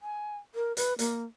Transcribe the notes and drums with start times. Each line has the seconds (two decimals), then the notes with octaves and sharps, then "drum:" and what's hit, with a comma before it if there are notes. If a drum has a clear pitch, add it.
0.01 G#5
0.55 A#4
0.77 B4, drum: hi-hat
0.99 A#3, drum: hi-hat